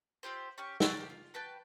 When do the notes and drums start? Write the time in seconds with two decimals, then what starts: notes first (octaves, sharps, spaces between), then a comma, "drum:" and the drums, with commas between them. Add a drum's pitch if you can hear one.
0.23 C4 F4 G4 C5
0.58 C#4 G4 C#6
0.80 F#4 D5 C#6 E6, drum: snare
0.97 A#3 G4
1.10 F4
1.34 F#4 B4 G5 A5